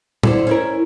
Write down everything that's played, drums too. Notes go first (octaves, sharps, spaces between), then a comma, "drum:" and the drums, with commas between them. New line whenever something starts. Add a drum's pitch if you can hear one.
D3 E4 C5, drum: tom A2
C#4 E4 A#4